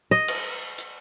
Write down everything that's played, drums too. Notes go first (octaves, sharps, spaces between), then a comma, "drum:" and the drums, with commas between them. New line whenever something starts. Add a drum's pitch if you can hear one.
D#5
drum: cymbal
drum: hi-hat